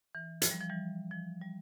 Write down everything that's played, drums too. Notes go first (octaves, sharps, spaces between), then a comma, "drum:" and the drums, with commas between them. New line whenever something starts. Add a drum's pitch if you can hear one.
E3
F3, drum: hi-hat
G3
F3
E3 G3
F3
G3